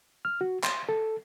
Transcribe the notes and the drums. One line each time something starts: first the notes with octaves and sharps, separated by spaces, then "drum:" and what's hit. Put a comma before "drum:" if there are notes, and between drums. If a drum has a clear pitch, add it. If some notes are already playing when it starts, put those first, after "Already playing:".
F6
F#4
C6, drum: clap
A4